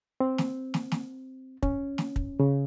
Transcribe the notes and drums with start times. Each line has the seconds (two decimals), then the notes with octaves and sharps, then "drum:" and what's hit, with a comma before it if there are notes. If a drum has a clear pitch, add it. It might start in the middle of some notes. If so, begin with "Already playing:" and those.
0.20 C4
0.38 drum: snare
0.74 drum: snare
0.92 drum: snare
1.63 C#4, drum: kick
1.98 drum: snare
2.16 drum: kick
2.40 C#3